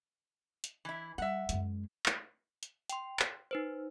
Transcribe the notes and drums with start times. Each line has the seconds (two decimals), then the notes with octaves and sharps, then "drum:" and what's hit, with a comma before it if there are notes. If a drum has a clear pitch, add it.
0.64 drum: hi-hat
0.85 E3 E4
1.18 G3 E5 F#5
1.49 F#2 G#3, drum: hi-hat
2.06 drum: clap
2.63 drum: hi-hat
2.90 G5 C6, drum: hi-hat
3.19 drum: clap
3.51 D#4 B4 C5